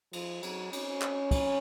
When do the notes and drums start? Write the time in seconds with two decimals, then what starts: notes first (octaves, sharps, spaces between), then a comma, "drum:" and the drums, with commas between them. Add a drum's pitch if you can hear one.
0.13 F3, drum: cymbal
0.43 F#3, drum: cymbal
0.73 C#4, drum: cymbal
1.02 drum: clap
1.31 drum: kick, cymbal